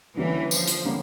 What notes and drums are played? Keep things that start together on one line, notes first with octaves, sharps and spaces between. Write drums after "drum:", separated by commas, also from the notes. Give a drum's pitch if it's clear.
D3 E3 G3 A#3 C#4
F3, drum: tambourine
drum: hi-hat
D3 G3 A#3 C#4